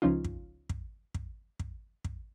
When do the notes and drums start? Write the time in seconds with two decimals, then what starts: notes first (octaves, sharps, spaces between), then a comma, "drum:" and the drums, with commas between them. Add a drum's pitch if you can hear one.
0.02 C#2 F3 C#4 D#4 F4
0.24 drum: kick
0.69 drum: kick
1.14 drum: kick
1.59 drum: kick
2.04 drum: kick